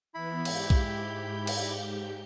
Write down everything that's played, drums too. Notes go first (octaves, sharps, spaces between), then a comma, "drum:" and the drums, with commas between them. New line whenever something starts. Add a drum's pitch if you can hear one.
E3 B3 E4 B5
G#2 G4 G6, drum: cymbal
drum: kick B1
drum: cymbal